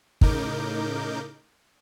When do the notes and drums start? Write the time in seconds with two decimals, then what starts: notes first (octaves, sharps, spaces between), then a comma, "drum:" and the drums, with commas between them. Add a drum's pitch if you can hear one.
0.21 A2 C#3 D#4 A#4 D6 G6, drum: kick